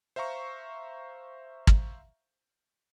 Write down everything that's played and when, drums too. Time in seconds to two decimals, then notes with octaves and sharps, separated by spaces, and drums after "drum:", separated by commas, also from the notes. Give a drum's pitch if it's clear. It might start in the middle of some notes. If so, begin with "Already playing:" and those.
0.16 C5 E5 F5 A#5 C#6
1.67 drum: kick